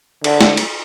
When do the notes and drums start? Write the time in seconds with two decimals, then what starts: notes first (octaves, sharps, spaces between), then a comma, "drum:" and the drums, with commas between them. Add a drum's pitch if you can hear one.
0.24 D3, drum: cymbal
0.41 drum: snare
0.57 drum: cymbal